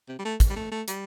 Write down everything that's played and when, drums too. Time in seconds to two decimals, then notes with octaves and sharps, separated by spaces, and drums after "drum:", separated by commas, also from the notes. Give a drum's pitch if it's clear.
0.09 C3
0.19 G3
0.25 A3
0.40 drum: kick, hi-hat
0.50 G3
0.56 A3
0.71 A3
0.88 G3, drum: hi-hat